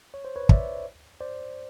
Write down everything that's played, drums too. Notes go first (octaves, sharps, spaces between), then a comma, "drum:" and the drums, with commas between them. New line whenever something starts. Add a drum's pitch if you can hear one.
C#5
C5
B4 C#5
D5 E5, drum: kick
C5 D5